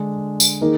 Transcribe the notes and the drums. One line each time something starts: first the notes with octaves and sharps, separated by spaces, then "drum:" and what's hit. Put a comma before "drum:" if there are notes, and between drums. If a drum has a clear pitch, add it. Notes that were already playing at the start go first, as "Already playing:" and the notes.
Already playing: D3 G#3 D4
drum: tambourine
D#3 A#3 D#4 G#4